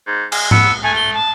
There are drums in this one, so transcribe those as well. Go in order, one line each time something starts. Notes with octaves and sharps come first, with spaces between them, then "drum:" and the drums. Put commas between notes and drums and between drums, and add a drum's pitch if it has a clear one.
G#2
G#3, drum: cymbal
B3 E6, drum: tom G#2
A3 G#5
G7
A5